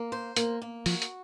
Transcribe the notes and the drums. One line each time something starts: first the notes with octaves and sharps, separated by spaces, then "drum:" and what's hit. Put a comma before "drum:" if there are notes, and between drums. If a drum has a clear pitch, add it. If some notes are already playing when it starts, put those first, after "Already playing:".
Already playing: A#3
C5
A#3, drum: hi-hat
A#3
F3 F#4, drum: open hi-hat
drum: hi-hat